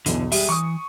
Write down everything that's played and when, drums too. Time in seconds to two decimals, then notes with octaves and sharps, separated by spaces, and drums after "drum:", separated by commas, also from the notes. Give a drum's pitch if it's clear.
0.06 B1 E2 D3 E3, drum: hi-hat
0.32 G3 G#4 E5, drum: open hi-hat
0.49 E3 C#6 D#6